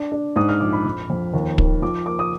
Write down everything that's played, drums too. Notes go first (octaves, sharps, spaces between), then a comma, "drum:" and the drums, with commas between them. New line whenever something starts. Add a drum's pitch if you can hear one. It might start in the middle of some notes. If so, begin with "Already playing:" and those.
Already playing: D4
D4
G#2 D#6
F6
A#1 D6
B5
F2
F2
D#2
D#3, drum: kick
F3 D6
A#3 D6
D#6